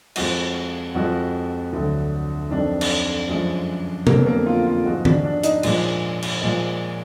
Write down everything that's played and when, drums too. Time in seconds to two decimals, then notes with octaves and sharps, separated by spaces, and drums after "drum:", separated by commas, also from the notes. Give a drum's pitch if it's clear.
0.16 F2 F3 G#3 F#4, drum: cymbal
0.95 F2 F3 G#3 F#4
1.73 D2 D3 F#3
2.51 F2 D#3 F#3 D4
2.81 drum: cymbal
3.28 F#2 F3 G#3
4.07 F2 D3 F#3 A#3, drum: tom
4.18 B3
4.26 A#3
4.46 F4
4.66 F4
4.85 G#2 F3 G#3 F#4
5.05 D4, drum: tom
5.24 D4
5.43 D#4, drum: hi-hat
5.63 A#2 F3 G#3, drum: cymbal
6.22 drum: cymbal
6.41 A#2 F3 G#3